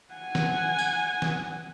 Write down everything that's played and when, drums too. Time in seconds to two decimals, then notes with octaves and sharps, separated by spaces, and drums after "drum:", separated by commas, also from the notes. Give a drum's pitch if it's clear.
0.13 F#5 G#5
0.35 drum: snare
0.78 drum: tambourine
1.22 drum: snare